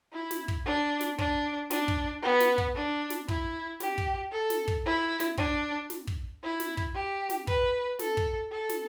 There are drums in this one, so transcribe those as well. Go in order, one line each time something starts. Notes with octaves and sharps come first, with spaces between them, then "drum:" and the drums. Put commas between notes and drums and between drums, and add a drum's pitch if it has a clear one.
E4
drum: snare
drum: kick
D4
drum: snare
D4, drum: kick
D4, drum: snare
drum: kick
B3
drum: snare
drum: kick
D4
drum: snare
E4, drum: kick
G4, drum: snare
drum: kick
A4
drum: snare
drum: kick
E4
drum: snare
D4, drum: kick
drum: snare
drum: kick
E4
drum: snare
drum: kick
G4
drum: snare
B4, drum: kick
A4, drum: snare
drum: kick
A4
drum: snare